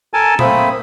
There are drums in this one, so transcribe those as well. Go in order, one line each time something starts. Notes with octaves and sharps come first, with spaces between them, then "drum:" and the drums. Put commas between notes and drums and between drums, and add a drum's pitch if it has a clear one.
A4 A#4 G#5 A5
A3 A#3 C4 B5 D#6, drum: tom A#2